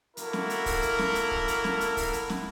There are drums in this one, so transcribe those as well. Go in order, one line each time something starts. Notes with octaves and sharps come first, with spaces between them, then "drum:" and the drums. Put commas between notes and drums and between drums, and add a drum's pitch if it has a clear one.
A#3 E4 F#4 A4 A#4, drum: hi-hat
drum: snare
drum: hi-hat
drum: kick, open hi-hat
drum: hi-hat
drum: snare
drum: hi-hat
drum: kick
drum: hi-hat
drum: snare
drum: hi-hat
drum: kick, open hi-hat
drum: hi-hat
drum: snare